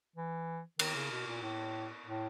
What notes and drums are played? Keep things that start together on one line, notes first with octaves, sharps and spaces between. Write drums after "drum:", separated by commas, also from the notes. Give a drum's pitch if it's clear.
E3
D#3, drum: cymbal
C#3
B2
A#2
A2
A2